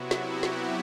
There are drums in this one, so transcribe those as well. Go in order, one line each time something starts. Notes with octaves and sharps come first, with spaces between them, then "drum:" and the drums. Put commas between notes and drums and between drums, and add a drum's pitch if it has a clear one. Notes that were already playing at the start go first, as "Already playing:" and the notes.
Already playing: C3 F#3 B3 E4 F#4
G4, drum: snare
drum: snare